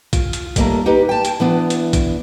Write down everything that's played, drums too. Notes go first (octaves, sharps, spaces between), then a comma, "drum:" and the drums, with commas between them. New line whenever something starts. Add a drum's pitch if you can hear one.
F4, drum: kick, hi-hat
drum: hi-hat
D#2 G3 A3 A#3 A#5, drum: kick, hi-hat
D#4 G4 B4
G5 A5
drum: hi-hat
E3 B3 D4
drum: hi-hat
drum: kick, hi-hat